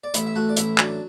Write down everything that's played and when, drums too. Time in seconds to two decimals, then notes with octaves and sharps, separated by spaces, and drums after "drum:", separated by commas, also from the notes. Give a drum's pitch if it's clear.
0.04 D5
0.14 A1 E4 E5, drum: hi-hat
0.26 E5
0.35 A3 F#4 F#5
0.49 D5
0.56 A1 E4 E5, drum: hi-hat
0.78 F#3 D4 D5, drum: clap